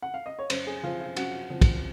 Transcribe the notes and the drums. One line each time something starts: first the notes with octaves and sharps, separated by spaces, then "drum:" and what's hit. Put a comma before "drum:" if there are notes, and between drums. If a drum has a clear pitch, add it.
F#5
F5
D#5
C#5
F#2 C5, drum: cymbal
G#4
F3 C4 F4
F4
F#2 F#4, drum: cymbal
F3 C4
drum: kick, cymbal